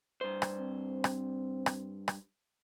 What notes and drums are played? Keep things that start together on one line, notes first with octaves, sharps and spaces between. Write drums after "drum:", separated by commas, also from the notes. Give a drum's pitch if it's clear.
G2 C5
drum: rim click
C4
drum: rim click
drum: rim click
drum: rim click